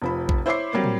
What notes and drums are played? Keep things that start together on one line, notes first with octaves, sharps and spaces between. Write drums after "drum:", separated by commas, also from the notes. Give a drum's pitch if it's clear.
F1 F3 B5
drum: kick A#1
E4 C5 C#5 E5 D6 C7
F#3 G3 A#3 C4
drum: tom